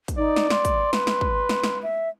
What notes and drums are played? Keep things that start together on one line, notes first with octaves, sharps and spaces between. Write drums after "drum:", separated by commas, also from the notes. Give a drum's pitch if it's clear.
drum: kick, hi-hat
D#4 D5
drum: snare
C6, drum: snare
drum: kick, hi-hat
B4, drum: snare
drum: snare
drum: kick
drum: snare
drum: snare
E5